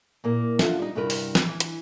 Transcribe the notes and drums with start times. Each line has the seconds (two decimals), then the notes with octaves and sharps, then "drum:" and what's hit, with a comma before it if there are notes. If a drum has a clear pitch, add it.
0.24 A#2 A#3 E4
0.59 D4 F4 F#4 A4 E5 F5, drum: snare
0.79 G3 D#4
0.95 G2 C3 E4 F#4 A#4 B4
1.10 drum: open hi-hat
1.35 drum: snare
1.47 E3
1.60 drum: hi-hat